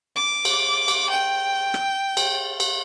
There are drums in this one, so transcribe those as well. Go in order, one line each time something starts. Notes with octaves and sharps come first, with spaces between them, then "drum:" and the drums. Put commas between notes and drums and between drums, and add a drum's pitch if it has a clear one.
D6
drum: cymbal
drum: cymbal
G5
drum: rim click
drum: cymbal
drum: cymbal